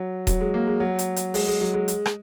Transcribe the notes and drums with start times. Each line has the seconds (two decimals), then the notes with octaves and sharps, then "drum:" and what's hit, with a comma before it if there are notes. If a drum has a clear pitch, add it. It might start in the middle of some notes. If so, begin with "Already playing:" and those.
Already playing: F#3
0.27 F#3, drum: kick D#1, hi-hat
0.41 G#3
0.54 A#3
0.67 G#3
0.80 F#3
0.99 drum: hi-hat
1.16 drum: hi-hat
1.34 G#3, drum: open hi-hat
1.48 G#3
1.61 F#3
1.74 G#3
1.88 drum: hi-hat
2.06 drum: rim click